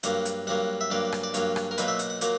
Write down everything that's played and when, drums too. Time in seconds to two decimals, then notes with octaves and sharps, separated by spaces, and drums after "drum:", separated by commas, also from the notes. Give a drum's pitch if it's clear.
0.03 G2 F#3 A#3 F#5, drum: hi-hat
0.25 drum: hi-hat
0.47 G2 F#3 A#3 F#5
0.81 E5
0.90 G2 F#3 A#3 D5
1.12 drum: rim click
1.23 D5
1.34 G2 F#3 A#3 C#5, drum: hi-hat
1.56 drum: rim click
1.71 A#4
1.78 B1 A#2 F#3 A#3 B4, drum: hi-hat
1.88 E5
1.99 F#5, drum: hi-hat
2.10 F#5
2.21 A#2 F#3 A#3 F#5, drum: hi-hat